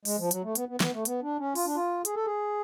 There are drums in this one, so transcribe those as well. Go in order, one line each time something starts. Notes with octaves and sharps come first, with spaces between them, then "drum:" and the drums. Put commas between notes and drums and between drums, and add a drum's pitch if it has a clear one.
G#3, drum: open hi-hat
F3
F#3, drum: hi-hat
A3
B3, drum: hi-hat
B3
B3, drum: snare
A3
B3, drum: hi-hat
D4
C#4
F4, drum: open hi-hat
D4
F4
G#4, drum: hi-hat
A4
G#4